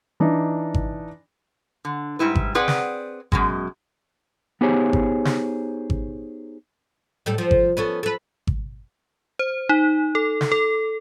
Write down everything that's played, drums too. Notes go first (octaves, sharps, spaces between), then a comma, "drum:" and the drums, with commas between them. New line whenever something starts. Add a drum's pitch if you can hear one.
E3 D4 D#4
drum: kick G#1
D3
G#2 G3 E4 B4
drum: kick G#1
C4 G#4 B4 D5 F#5
drum: snare
F#2 B2 G#3, drum: kick G#1
B3 D#4 G4 G#4 C5 C#5
drum: kick G#1
drum: snare
drum: kick G#1
A2 G3 A4
F3
drum: kick G#1
B3 C#4 A4
A4 B4
drum: kick G#1
C5
D#4
A4
drum: snare
A4